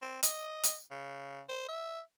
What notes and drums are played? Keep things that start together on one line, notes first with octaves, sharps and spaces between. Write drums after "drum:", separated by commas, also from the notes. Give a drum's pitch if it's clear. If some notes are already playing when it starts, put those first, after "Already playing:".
C4
D#5, drum: hi-hat
drum: hi-hat
C#3
C5
E5